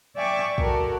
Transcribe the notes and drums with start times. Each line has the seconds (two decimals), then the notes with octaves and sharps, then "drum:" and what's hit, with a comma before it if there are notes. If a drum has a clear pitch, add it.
0.15 D5 E5 G5 G#5 C#6 D6
0.58 F#4 A4 A#4, drum: kick